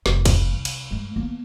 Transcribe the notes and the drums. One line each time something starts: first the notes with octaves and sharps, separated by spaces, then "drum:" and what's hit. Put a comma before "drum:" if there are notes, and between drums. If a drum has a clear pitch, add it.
F1, drum: snare
drum: kick, cymbal
C2
drum: cymbal
G2 G#3
A#3 B3